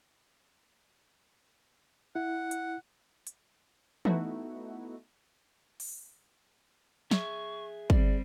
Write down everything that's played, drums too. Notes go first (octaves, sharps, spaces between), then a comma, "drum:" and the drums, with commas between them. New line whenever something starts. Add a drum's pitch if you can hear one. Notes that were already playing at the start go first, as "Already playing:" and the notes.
E4 F#5
drum: hi-hat
drum: hi-hat
A3 B3 D#4 E4 F#4, drum: tom E3
drum: open hi-hat
G#4 E5 C#6, drum: snare
G3 C4 D5, drum: kick